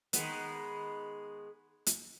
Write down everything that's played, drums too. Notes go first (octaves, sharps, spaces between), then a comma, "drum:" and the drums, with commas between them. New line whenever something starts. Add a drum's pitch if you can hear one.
D#3 G#3 B3, drum: hi-hat
drum: hi-hat